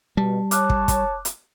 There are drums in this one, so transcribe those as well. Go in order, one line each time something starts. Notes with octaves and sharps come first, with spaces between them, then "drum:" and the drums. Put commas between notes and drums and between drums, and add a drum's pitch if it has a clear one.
B2 G3 A5
C#5 A5 D6 F6 F#6, drum: hi-hat
drum: kick
drum: kick, hi-hat
drum: hi-hat